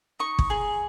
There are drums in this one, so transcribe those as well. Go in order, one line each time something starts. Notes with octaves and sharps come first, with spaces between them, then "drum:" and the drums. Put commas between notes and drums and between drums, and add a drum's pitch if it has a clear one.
D#4 C#6
drum: kick
G#4